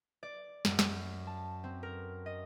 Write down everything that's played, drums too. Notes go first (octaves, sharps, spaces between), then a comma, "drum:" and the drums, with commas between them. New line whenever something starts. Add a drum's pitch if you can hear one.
D5
F#2, drum: snare
drum: snare
A5
C4
A#4
D#5